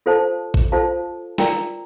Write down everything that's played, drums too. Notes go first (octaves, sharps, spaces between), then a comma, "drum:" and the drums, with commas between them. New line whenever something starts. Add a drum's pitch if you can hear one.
F4 A4 C5 F5 A5
drum: kick A1
F4 A4 C5 F5 A5
F4 A#4 D5 G5 A#5, drum: snare